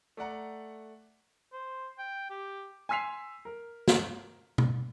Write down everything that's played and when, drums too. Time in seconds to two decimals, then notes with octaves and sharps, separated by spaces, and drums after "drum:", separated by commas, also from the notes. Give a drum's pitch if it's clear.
0.17 A3 D5 F#5 A#5
1.53 C5
1.99 G5
2.30 G4
2.89 G#5 C6 E6 B6 C7 F7
3.45 A#4
3.88 drum: snare
4.58 drum: tom B2